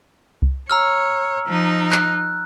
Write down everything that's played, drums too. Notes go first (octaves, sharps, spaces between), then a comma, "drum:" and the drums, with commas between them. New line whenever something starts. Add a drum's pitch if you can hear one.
drum: kick C2
C#5 A#5 E6 F6
F3 D#4
F#6, drum: clap